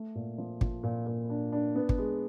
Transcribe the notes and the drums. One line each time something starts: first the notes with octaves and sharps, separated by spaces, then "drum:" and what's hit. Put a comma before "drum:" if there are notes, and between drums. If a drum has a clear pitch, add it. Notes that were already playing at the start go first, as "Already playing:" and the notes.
Already playing: A3
A#2
F3
F3, drum: kick
A#2
A#2
D4
D4
B3
drum: kick
G#3